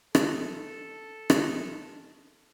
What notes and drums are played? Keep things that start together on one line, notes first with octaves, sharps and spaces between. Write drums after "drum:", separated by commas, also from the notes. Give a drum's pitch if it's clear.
A4, drum: rim click
drum: rim click